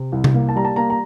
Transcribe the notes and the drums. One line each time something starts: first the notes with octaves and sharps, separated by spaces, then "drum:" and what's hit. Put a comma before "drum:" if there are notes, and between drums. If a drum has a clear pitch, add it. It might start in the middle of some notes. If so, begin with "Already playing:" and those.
Already playing: C3
C2
drum: tom C3
A#3
A5
G3 A#5
A5
A#3 A#5
A#5